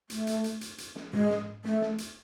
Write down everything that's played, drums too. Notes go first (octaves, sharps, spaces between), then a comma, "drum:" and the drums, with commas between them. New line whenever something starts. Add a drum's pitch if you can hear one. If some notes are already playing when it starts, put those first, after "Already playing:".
A3, drum: hi-hat
drum: hi-hat
drum: hi-hat
drum: hi-hat
drum: hi-hat
drum: snare
G#3, drum: tom
drum: snare
A3, drum: snare
drum: snare
drum: hi-hat